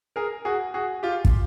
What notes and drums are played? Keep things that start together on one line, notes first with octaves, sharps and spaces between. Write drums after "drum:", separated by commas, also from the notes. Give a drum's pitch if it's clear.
G#4 A#4
F#4 G#4
F#4 G#4
F4 G4
drum: kick